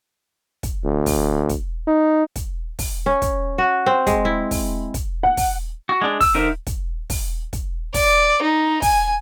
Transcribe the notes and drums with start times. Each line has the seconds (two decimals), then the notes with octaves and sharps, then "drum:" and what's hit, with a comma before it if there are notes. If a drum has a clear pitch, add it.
0.63 drum: kick, hi-hat
0.85 D2
1.06 drum: kick, open hi-hat
1.49 drum: kick, hi-hat
1.87 D#4
2.36 drum: kick, hi-hat
2.79 drum: kick, open hi-hat
3.06 C#4
3.22 drum: kick, hi-hat
3.58 F#4
3.86 C4
4.07 G#3, drum: kick, hi-hat
4.25 E4
4.51 drum: kick, open hi-hat
4.94 drum: kick, hi-hat
5.23 F#5
5.37 drum: kick, open hi-hat
5.89 F#4
6.01 G#3 D4
6.21 E6, drum: kick, open hi-hat
6.35 D3 D#4 A#4 C5 E5
6.67 drum: kick, hi-hat
7.10 drum: kick, open hi-hat
7.53 drum: kick, hi-hat
7.94 D5, drum: kick, open hi-hat
8.42 D#4
8.82 G#5, drum: kick, open hi-hat